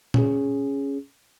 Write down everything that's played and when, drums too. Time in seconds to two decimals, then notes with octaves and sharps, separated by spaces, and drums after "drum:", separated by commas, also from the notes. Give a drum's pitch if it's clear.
0.14 C#4 G#4, drum: tom A#2